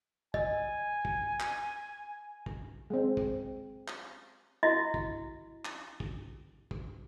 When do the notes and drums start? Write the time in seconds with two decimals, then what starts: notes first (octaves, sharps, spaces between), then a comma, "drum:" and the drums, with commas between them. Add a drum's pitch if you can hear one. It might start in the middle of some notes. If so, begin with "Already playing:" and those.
0.34 D#5 G#5, drum: kick
1.05 drum: kick
1.40 drum: clap
2.46 drum: kick
2.90 G#3 C4
3.17 drum: kick
3.88 drum: clap
4.63 E4 F#4 D#5
4.94 drum: kick
5.65 drum: clap
6.00 drum: kick
6.71 drum: kick